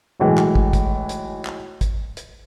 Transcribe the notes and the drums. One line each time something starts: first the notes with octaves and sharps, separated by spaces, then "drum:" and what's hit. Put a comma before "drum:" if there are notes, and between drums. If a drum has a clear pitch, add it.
B1 A2 E3 G#3
drum: clap
drum: kick
drum: kick, hi-hat
drum: hi-hat
drum: clap
drum: kick, hi-hat
drum: hi-hat